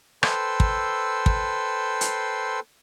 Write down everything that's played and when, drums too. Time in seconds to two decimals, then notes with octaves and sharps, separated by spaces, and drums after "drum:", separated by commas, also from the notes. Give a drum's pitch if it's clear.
0.23 A4 B4 C5 G5 C6 E6, drum: rim click
0.60 drum: kick
1.26 drum: kick
2.01 drum: hi-hat